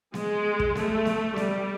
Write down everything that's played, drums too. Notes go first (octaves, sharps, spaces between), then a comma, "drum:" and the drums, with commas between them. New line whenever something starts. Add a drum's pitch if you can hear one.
G#3, drum: snare B3
drum: kick
A3, drum: snare B3
drum: snare B3
G3, drum: snare B3